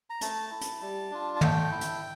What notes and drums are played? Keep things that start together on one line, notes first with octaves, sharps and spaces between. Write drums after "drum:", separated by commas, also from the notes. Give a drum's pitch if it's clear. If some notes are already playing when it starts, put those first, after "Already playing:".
A#5
A3 A5, drum: hi-hat
E4
drum: hi-hat
G3
D4 F4
A5
A3 G5, drum: tom
E4
drum: hi-hat